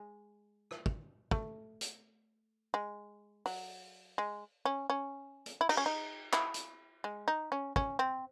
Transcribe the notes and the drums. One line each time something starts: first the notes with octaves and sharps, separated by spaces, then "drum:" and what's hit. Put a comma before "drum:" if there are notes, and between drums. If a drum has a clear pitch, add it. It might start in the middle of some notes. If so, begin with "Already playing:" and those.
Already playing: G#3
drum: rim click
drum: kick
A3, drum: kick
drum: hi-hat
G#3
F#3, drum: open hi-hat
G#3
C#4
C#4
drum: hi-hat
E4
D#4, drum: cymbal
C#4
D#4
E4, drum: clap
drum: hi-hat
G#3
D#4
C#4
C#4, drum: kick
C4